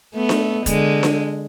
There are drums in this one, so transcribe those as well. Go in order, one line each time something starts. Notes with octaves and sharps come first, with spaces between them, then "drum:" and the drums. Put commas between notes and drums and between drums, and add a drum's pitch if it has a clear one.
A3 B3
drum: snare D4
D3 G#3, drum: kick, hi-hat
drum: snare D4